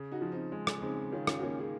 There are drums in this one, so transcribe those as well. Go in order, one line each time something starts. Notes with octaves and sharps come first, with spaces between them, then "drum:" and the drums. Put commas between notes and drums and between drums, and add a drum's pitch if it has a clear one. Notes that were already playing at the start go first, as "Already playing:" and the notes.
Already playing: C#3
D#4 F#4
F3
C4 D#4
G#3
drum: rim click
C#3 C4 D#4
D#3 C#4 F4
C#4 F4, drum: rim click
F#4
A#3 C#4 F4
F4 G#4